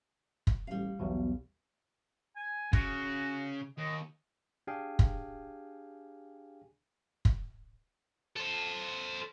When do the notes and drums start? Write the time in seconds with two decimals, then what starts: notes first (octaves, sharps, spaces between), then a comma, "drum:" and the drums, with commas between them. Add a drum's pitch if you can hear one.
0.47 drum: kick
0.67 A1 G3 F5
0.99 B1 E2 B2 B3
2.36 G#5
2.73 C#3 F#4, drum: kick
3.78 D#2 D#5
4.67 D4 G4 G#4 F5 G5 G#5
4.99 drum: kick
7.25 drum: kick
8.36 A4 C5